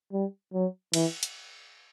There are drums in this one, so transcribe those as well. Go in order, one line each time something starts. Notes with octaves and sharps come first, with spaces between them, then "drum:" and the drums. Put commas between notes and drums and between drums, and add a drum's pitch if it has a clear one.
G3
F#3
E3, drum: cymbal
drum: hi-hat